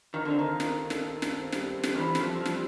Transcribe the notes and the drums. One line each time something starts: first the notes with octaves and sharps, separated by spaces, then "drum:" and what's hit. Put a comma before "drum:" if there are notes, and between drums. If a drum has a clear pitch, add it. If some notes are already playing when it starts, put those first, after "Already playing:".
D#3 F4
D3 C4
D#3
F4
F4, drum: snare
A4
A4, drum: snare
F4
A4, drum: snare
C4
G3, drum: snare
C4
A4, drum: snare
D#3
E3 C4
F3 A4, drum: snare
C4
F3
G3, drum: snare